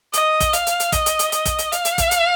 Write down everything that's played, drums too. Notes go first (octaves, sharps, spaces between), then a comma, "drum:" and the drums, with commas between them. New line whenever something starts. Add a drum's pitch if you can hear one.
D#5, drum: hi-hat
drum: kick, hi-hat
F5, drum: hi-hat
drum: hi-hat
drum: hi-hat
D#5, drum: kick, hi-hat
drum: hi-hat
drum: hi-hat
D#5, drum: hi-hat
drum: kick, hi-hat
drum: hi-hat
F5, drum: hi-hat
drum: hi-hat
drum: kick, hi-hat
drum: hi-hat